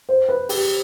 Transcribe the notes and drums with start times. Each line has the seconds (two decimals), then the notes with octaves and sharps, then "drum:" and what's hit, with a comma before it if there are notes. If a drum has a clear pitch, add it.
0.09 C5
0.29 B4
0.49 G4, drum: open hi-hat